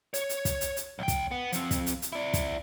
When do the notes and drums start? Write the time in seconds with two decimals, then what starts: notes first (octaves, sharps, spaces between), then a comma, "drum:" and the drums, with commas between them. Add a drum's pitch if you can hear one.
0.14 C#5, drum: hi-hat
0.29 drum: hi-hat
0.45 drum: kick, hi-hat
0.61 drum: hi-hat
0.76 drum: hi-hat
0.99 B1 G5
1.08 drum: kick, hi-hat
1.31 B3
1.52 F3 C4, drum: hi-hat
1.71 drum: kick, hi-hat
1.86 drum: hi-hat
2.02 drum: hi-hat
2.13 E4 D5
2.34 drum: kick, hi-hat